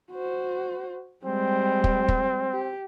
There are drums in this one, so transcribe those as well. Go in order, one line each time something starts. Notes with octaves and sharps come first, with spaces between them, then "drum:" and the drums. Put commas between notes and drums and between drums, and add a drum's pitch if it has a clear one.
F#4 C5
G3 G#3 C4
drum: kick
drum: kick
G4